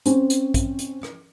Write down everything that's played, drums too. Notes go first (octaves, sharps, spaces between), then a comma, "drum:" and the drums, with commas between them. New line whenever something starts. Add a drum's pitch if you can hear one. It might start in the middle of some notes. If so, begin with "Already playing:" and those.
C4 C#4, drum: hi-hat
drum: hi-hat
drum: kick, hi-hat
drum: hi-hat
drum: rim click